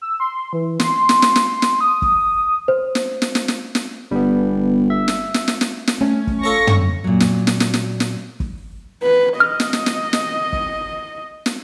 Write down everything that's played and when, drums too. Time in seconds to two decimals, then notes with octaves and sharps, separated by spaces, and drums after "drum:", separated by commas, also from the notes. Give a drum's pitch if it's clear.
0.02 E6
0.20 C6
0.53 E3
0.80 C6, drum: snare
1.09 drum: snare
1.22 drum: snare
1.36 drum: snare
1.62 drum: snare
1.81 D#6
2.02 drum: kick
2.68 C5
2.95 drum: snare
3.22 drum: snare
3.35 drum: snare
3.48 drum: snare
3.75 drum: snare
4.11 G1 G3 B3
4.90 E5
5.08 drum: snare
5.34 drum: snare
5.48 drum: snare
5.61 drum: snare
5.87 drum: snare
6.01 A3 C#4
6.27 drum: kick
6.44 F4 A4 C#5 C#6 A#6
6.67 drum: tom
7.04 A#2 F#3
7.20 drum: snare
7.47 drum: snare
7.60 drum: snare
7.74 drum: snare
8.00 drum: snare
8.40 drum: kick
9.03 B4
9.40 D#5 F6
9.60 drum: snare
9.73 drum: snare
9.86 drum: snare
10.13 drum: snare
10.53 drum: kick
11.46 drum: snare